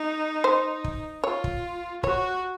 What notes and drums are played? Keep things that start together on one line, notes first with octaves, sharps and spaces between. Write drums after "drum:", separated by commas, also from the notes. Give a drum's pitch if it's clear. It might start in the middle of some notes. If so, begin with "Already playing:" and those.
Already playing: D#4
C5
drum: kick
F4 C#5
drum: kick
F#4 C#5, drum: kick